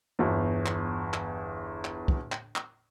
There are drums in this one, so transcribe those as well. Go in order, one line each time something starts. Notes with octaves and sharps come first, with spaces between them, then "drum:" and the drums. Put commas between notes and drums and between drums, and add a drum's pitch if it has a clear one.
G1 E2
drum: clap
drum: clap
drum: clap
drum: kick
drum: clap
drum: clap